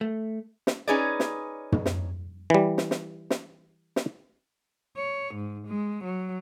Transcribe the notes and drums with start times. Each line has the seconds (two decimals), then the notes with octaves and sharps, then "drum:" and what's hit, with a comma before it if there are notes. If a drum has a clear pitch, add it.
0.01 A3
0.67 drum: snare
0.88 C#4 D#4 G#4 B4 C#5 D5
1.20 drum: snare
1.72 drum: tom
1.86 drum: snare
2.50 E3 G3
2.78 drum: snare
2.91 drum: snare
3.30 drum: snare
3.96 drum: snare
4.96 C#5
5.35 G#2
5.68 G#3
6.04 F#3